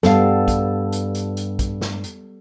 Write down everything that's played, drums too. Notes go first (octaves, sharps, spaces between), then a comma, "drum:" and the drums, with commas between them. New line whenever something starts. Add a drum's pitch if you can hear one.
G2 G3 B3 A4 F5, drum: snare
drum: kick, hi-hat
drum: hi-hat
drum: hi-hat
drum: hi-hat
drum: kick, hi-hat
drum: snare
drum: hi-hat